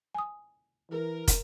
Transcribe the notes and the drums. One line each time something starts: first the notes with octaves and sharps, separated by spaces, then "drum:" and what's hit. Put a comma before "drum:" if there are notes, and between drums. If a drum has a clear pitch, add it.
G#5 D#6
E3 A#4
drum: kick, hi-hat